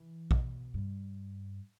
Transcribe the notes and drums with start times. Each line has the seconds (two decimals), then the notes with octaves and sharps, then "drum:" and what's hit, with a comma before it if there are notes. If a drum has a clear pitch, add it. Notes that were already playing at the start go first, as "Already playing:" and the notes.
Already playing: E3
0.31 B2, drum: kick A#1
0.74 G2